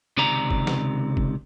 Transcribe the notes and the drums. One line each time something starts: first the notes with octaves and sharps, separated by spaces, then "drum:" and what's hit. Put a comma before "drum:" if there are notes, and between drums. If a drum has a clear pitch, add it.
C#2 C3 D#3 D5 A#5
drum: kick
drum: snare
drum: kick